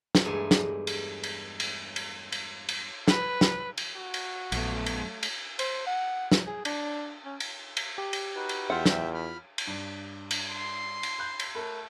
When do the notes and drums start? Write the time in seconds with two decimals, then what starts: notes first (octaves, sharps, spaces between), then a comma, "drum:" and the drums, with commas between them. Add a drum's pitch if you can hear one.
0.15 drum: snare
0.25 E2 G2 G#3 A3 D#4 G#5
0.51 drum: snare
0.87 drum: cymbal
1.24 drum: cymbal
1.60 drum: cymbal
1.96 drum: cymbal
2.32 drum: cymbal
2.69 drum: cymbal
3.08 B4, drum: snare
3.41 drum: snare
3.78 drum: cymbal
3.96 F#4
4.14 drum: cymbal
4.52 A#1 F#2 A3 B3, drum: cymbal
4.86 drum: cymbal
5.23 drum: cymbal
5.59 C5, drum: cymbal
5.87 F#5
6.32 drum: snare
6.47 G#4
6.65 D4, drum: cymbal
7.25 C#4
7.40 drum: cymbal
7.77 drum: cymbal
7.98 G4
8.13 drum: cymbal
8.36 D#4 F#4 B4
8.49 drum: cymbal
8.70 E2 F4 E5 F#5 G5
8.86 drum: snare
9.14 B5 F6
9.58 drum: cymbal
9.67 G2
10.31 drum: cymbal
10.51 C6 C7
11.03 drum: cymbal
11.19 B5 F#6 G6
11.40 drum: cymbal
11.55 A3 A#4 B5